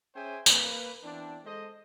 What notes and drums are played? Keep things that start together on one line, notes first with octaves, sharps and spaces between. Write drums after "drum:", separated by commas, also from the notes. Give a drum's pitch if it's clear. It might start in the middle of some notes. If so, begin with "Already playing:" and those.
C#4 G#4 C5 E5 G5 G#5
A#3 B4, drum: tambourine
E3 B3 C4 D4
G#3 A4 C5 D#5